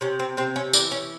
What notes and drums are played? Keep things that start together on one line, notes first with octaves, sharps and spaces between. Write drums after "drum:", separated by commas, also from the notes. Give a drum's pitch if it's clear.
C3 C#4
C4
C3 C4
C#4
E3 D4, drum: tambourine
C#4